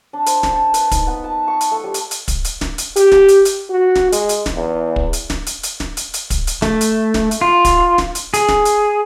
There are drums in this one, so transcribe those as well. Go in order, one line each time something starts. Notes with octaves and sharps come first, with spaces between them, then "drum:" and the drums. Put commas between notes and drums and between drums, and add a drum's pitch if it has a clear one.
D4
C5, drum: hi-hat
drum: snare
A5
B4, drum: hi-hat
D#4, drum: kick, hi-hat
B3
A5
C#6
drum: hi-hat
A3
G3
drum: hi-hat
drum: hi-hat
drum: kick, hi-hat
drum: hi-hat
drum: snare
drum: hi-hat
G4, drum: hi-hat
drum: snare
drum: hi-hat
drum: hi-hat
F#4
drum: snare
G#3, drum: hi-hat
drum: hi-hat
drum: snare
E2
drum: kick
drum: hi-hat
drum: snare
drum: hi-hat
drum: hi-hat
drum: snare
drum: hi-hat
drum: hi-hat
drum: kick, hi-hat
drum: hi-hat
A3, drum: snare
drum: hi-hat
drum: snare
drum: hi-hat
F4
drum: kick, hi-hat
drum: snare
drum: hi-hat
G#4, drum: hi-hat
drum: snare
drum: hi-hat